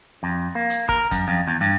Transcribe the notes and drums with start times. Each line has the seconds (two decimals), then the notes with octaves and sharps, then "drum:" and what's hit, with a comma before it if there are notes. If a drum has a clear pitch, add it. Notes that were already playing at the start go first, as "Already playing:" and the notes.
0.23 F2
0.55 A#3
0.70 drum: hi-hat
0.89 A#4, drum: kick
1.11 F#2, drum: kick, hi-hat
1.28 F2
1.47 E2
1.61 G2